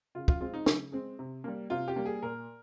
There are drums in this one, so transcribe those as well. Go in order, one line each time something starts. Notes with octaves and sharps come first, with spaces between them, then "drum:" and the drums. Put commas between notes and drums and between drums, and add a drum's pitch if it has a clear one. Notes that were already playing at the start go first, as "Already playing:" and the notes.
C#3 F4
F4, drum: kick
G#3 C4 F4
D#4
C#3, drum: snare
G#3 C4
C3
G3 A#3
C3 F4
G4
G3 A#3
G#4
A#2 A#4